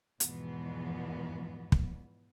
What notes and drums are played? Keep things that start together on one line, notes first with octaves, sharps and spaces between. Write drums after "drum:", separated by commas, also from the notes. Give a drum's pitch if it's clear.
E2 G#2 B2 E3 F3 B3, drum: hi-hat
drum: kick